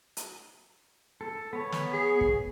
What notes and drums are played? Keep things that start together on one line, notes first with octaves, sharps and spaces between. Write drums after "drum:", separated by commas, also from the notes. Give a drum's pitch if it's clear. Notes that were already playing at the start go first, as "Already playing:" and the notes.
drum: hi-hat
A4
B3 C#5
drum: snare
G#4
drum: kick